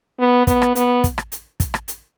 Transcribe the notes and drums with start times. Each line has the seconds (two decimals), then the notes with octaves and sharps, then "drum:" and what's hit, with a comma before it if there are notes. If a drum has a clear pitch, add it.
0.20 B3
0.47 B3, drum: kick, hi-hat
0.62 drum: rim click
0.75 B3, drum: hi-hat
1.04 drum: kick, hi-hat
1.18 drum: rim click
1.32 drum: hi-hat
1.60 drum: kick, hi-hat
1.74 drum: rim click
1.88 drum: hi-hat